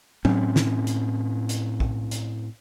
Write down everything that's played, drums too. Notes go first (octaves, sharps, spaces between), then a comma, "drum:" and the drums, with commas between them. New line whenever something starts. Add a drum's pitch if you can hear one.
A2 C4 C#4, drum: tom F#3
drum: snare
drum: hi-hat
drum: hi-hat
drum: kick
drum: hi-hat